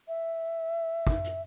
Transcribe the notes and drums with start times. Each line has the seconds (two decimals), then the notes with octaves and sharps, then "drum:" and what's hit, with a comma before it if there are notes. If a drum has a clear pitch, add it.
0.08 E5
1.07 drum: kick
1.24 drum: hi-hat